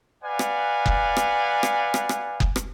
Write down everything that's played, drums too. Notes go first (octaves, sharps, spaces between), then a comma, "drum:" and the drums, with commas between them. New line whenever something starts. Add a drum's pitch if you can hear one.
B4 D5 F5 F#5 G#5
drum: rim click
drum: kick F#1
drum: rim click
drum: rim click
drum: rim click
drum: rim click
drum: kick F#1
drum: rim click